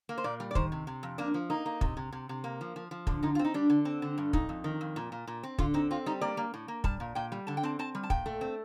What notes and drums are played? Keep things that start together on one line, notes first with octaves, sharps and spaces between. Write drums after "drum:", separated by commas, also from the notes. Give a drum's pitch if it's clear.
A#3
C5
A#2 D5
G3
D5
D#3 C5, drum: kick
C3
C3
F2
A#3 D4
F3
A#3 D#4
A#3
C3, drum: kick
C3
C3
C3
A#3
F3
F3
F3
D3 D4, drum: kick
D3 D#4
F4
C4
D#4
G3 D4
D3
C4
D3
G2
F2 D#4, drum: kick
F2
D#3
F2
A#2
A#2
A#2
C4
D3 F4, drum: kick
C4 D#4
C4 F4
G3 D#4
A#3 D5
A#3
A2
A#3
G3 A5, drum: kick
A#2
A#2 G5
G3
D3 A5
G5
C4 A5
C4 A5
G3
A5
A#2 G5, drum: kick
A3
C4